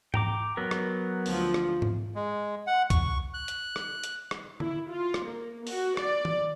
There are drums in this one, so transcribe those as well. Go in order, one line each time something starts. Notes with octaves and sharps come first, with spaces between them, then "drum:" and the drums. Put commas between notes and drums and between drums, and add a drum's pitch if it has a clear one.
G5 A#5 D6, drum: tom G#2
F#3 B3 A#4
drum: rim click
D2 F3 F4, drum: open hi-hat
drum: rim click
drum: tom G#2
G#3
F#5
C#6, drum: kick, hi-hat
F#6
drum: hi-hat
drum: rim click
drum: hi-hat
drum: rim click
E4, drum: tom
F4
drum: rim click
A#3
F#4, drum: open hi-hat
D5, drum: rim click
drum: tom D#3